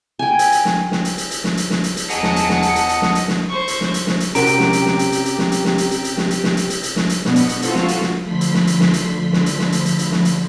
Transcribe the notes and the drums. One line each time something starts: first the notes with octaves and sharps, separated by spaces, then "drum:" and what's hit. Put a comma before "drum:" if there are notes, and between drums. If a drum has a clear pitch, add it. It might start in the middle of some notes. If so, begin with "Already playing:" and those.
G5 G#5
drum: hi-hat
drum: hi-hat
drum: snare
drum: snare
drum: hi-hat
drum: hi-hat
drum: hi-hat
drum: snare
drum: hi-hat
drum: snare
drum: hi-hat
drum: hi-hat
E2 G#4 D#5 F#5 A5 A#5 D#6 C#7, drum: hi-hat
drum: snare
drum: hi-hat
drum: snare
drum: hi-hat
drum: hi-hat
drum: hi-hat
drum: snare
drum: hi-hat
drum: snare
C5 C#6
drum: hi-hat
drum: snare
drum: hi-hat
drum: snare
drum: hi-hat
C3 C#4 F#4 G4 A#4 A#5 D7, drum: hi-hat
drum: hi-hat
drum: snare
drum: hi-hat
drum: snare
drum: hi-hat
drum: hi-hat
drum: hi-hat
drum: snare
drum: hi-hat
drum: snare
drum: hi-hat
drum: hi-hat
drum: hi-hat
drum: snare
drum: hi-hat
drum: snare
drum: hi-hat
drum: hi-hat
drum: hi-hat
drum: snare
drum: hi-hat
B2 B3 D4, drum: snare
drum: hi-hat
drum: hi-hat
C4 F4 F#4 A4, drum: hi-hat
drum: snare
drum: hi-hat
drum: snare
D3 F3 A3 B5 C6 B6
drum: hi-hat
drum: snare
drum: hi-hat
drum: snare
drum: hi-hat
drum: snare
drum: hi-hat
drum: snare
drum: hi-hat
drum: hi-hat
drum: hi-hat
drum: snare
drum: hi-hat